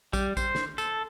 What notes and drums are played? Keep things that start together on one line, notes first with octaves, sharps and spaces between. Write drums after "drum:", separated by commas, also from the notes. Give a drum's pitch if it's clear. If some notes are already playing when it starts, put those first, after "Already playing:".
G3, drum: kick A#1, tambourine
C5, drum: kick A#1, tambourine
drum: snare
A4, drum: tambourine